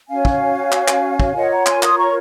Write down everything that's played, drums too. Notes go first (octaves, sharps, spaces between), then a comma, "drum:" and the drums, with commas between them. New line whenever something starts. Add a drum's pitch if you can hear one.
C#4 F#4 C#5 F5 G#5
drum: kick
drum: clap
drum: clap
drum: kick
F4 A#4 C#5 D#5 F#5
F#5 A#5
G#5 C6, drum: clap
C6 D#6, drum: clap
A#5 C#6